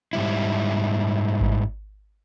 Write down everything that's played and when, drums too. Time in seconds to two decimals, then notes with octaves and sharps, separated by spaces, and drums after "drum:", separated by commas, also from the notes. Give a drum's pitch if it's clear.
0.13 G#2 G3 E4
1.41 drum: kick G#1